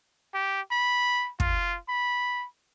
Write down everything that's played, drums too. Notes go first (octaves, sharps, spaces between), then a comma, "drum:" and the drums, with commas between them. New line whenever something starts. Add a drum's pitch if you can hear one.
G4
B5
F4, drum: kick
B5